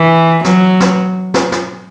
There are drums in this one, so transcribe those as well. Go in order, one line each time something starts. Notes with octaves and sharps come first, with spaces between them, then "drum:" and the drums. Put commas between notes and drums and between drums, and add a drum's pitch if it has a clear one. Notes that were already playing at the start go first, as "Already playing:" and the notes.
Already playing: E3
F#3, drum: snare
drum: snare
drum: snare
drum: snare